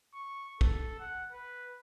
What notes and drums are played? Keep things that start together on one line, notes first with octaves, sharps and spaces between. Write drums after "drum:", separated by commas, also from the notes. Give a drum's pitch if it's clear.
C#6
A4, drum: kick
F#5
B4